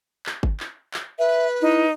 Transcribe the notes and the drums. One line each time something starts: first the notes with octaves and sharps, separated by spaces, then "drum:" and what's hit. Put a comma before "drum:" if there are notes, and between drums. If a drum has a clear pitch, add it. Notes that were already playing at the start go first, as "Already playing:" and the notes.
drum: clap
drum: kick G1
drum: clap
drum: clap
B4 E5
D#4 E4